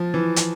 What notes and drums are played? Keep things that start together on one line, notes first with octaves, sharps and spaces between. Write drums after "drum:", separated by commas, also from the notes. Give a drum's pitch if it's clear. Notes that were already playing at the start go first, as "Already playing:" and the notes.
Already playing: F3
E3
drum: hi-hat